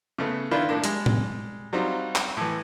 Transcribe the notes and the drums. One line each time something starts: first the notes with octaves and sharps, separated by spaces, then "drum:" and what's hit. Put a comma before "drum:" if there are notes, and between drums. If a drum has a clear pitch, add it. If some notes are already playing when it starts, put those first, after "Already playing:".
C#3 A3 B3
D#3 D4 E4 F4 B4 D5
A2 A#3 D4
G3 G#3, drum: hi-hat
drum: tom A2
F#3 G3 C4 D#4 F4
drum: clap
A2 E3